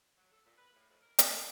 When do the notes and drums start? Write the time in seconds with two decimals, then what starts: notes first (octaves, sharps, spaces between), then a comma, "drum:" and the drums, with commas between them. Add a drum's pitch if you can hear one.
0.17 F#3
0.32 A4
0.46 A#2
0.58 B4
0.75 A2
0.90 F2
1.01 A#4
1.19 G4, drum: hi-hat
1.32 G4